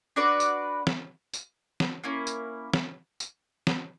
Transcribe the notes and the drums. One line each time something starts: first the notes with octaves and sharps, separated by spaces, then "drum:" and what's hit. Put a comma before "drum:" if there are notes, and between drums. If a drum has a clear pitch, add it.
D4 F#4 B4 D5
drum: tambourine
drum: snare
drum: tambourine
drum: snare
A#3 C#4 E4
drum: tambourine
drum: snare
drum: tambourine
drum: snare